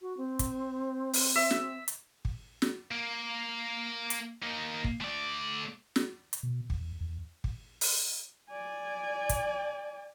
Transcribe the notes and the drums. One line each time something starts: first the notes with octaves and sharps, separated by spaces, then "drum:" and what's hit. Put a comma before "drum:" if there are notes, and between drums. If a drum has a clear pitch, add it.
F#4
C4
drum: kick, hi-hat
drum: open hi-hat
E5
drum: snare
drum: hi-hat
drum: kick
drum: snare
A#3
drum: hi-hat
A#3 D#4
drum: kick
A3 D5
drum: snare
drum: hi-hat
B2
E2, drum: kick
E2
drum: kick
drum: open hi-hat
D5 G#5
drum: kick, hi-hat